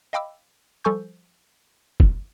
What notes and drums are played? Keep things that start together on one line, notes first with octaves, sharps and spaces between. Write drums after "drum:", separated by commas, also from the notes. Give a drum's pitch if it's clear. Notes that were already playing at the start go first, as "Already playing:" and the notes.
D#5 F5 G5 B5 D6 E6
F3 G3 A4 G#5 C#6 G6
drum: kick